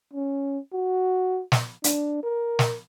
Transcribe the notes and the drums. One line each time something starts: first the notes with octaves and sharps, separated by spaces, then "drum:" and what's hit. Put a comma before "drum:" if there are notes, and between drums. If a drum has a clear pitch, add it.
C#4
F#4
drum: snare
D4, drum: hi-hat
A#4
drum: snare